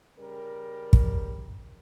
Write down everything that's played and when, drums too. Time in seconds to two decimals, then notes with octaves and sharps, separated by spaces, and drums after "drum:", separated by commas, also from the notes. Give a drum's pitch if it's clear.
0.19 C#3 G3 A#4
0.93 drum: kick